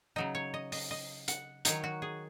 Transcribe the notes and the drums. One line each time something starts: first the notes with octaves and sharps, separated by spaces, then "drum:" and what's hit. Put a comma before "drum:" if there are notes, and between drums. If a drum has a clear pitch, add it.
C#3 F#3 D#4 D#5
C#5
D#5
D#5, drum: open hi-hat
D#5
F#5, drum: hi-hat
D#3 F#3 D#4 C#5, drum: hi-hat
F#4
G#4